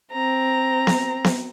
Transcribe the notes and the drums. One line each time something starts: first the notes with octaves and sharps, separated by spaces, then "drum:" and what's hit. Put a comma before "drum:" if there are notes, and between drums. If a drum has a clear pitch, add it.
C4 A#5
drum: snare B3
drum: snare B3